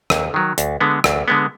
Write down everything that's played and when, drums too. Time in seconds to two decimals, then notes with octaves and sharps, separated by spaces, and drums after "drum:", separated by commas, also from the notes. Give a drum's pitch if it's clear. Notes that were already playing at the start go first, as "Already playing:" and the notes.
0.10 D#2, drum: rim click
0.34 D#3 F#3
0.58 D2, drum: hi-hat
0.81 D3 G#3 B3
1.04 D2, drum: rim click
1.28 D3 G#3 B3